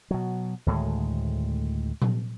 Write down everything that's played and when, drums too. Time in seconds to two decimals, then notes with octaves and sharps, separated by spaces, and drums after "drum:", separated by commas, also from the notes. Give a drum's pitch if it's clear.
0.11 B2 F#3
0.66 D2 A2 D#3 G#3
2.02 drum: tom A#2